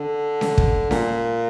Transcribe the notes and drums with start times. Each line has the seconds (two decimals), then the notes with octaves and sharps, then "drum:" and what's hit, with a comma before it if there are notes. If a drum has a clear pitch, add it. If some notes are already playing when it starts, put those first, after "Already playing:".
Already playing: D3
0.41 drum: snare C#4
0.58 drum: kick
0.91 A#2, drum: snare C#4